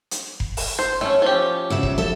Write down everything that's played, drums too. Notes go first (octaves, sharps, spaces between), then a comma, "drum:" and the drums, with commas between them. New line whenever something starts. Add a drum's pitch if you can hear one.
drum: hi-hat
drum: kick F1
drum: open hi-hat
C5
A3 C#4 C#5
F3 C#4 G4
E2 C#3 E5
drum: kick F1
A4 E5